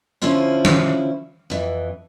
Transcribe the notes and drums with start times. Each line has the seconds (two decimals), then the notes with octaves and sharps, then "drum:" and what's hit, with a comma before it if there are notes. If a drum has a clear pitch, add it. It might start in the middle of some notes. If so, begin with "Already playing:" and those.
0.22 D3 F3 C#4 E4 F4 C5
0.65 drum: tom E3
1.50 F2 E3